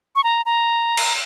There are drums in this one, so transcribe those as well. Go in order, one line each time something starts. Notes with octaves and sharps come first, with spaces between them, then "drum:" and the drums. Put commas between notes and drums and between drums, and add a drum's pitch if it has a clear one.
C#6
A#5
A#5
drum: cymbal